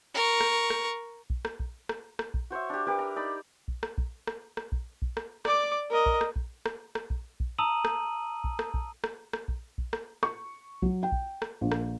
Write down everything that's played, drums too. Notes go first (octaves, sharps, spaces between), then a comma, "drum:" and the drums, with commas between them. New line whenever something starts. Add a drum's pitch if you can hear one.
A#4 C#6
drum: rim click
drum: rim click
drum: kick A#1
drum: rim click
drum: kick A#1
drum: rim click
drum: rim click
drum: kick A#1
F#4 C5 C#5 E5
D4 G4
G4 A#4 B4 D6
A#5
D#4 D5 B5
drum: kick A#1
drum: rim click
drum: kick A#1
drum: rim click
drum: rim click
drum: kick A#1
drum: kick A#1
drum: rim click
D5 D6, drum: rim click
A#4 D#5
drum: kick A#1
drum: rim click
drum: kick A#1
drum: rim click
drum: rim click
drum: kick A#1
drum: kick A#1
A5 A#5 D#6 E6 D#7 F#7
drum: rim click
drum: kick A#1
drum: rim click
drum: kick A#1
drum: rim click
drum: rim click
drum: kick A#1
drum: kick A#1
drum: rim click
C#6, drum: rim click
F#3, drum: kick A#1
G5
drum: kick A#1
drum: rim click
A#1
drum: rim click